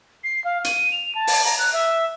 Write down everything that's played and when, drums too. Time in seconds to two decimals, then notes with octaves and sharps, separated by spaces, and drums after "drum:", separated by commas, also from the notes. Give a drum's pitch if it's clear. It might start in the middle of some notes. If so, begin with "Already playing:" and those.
0.24 C7
0.44 F5
0.64 D#7, drum: hi-hat
0.92 F7
1.15 A5
1.27 drum: open hi-hat
1.45 A#5
1.59 F#6
1.73 E5